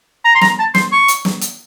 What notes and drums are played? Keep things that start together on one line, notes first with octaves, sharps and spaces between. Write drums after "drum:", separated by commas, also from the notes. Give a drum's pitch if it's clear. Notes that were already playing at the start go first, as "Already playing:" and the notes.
A#5
C6
A#5, drum: snare
A5
C6, drum: snare
C#6
drum: hi-hat
drum: snare
drum: hi-hat